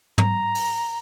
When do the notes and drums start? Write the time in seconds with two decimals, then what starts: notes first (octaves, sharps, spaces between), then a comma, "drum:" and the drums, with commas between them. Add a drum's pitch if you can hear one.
0.18 A#5, drum: tom
0.55 drum: open hi-hat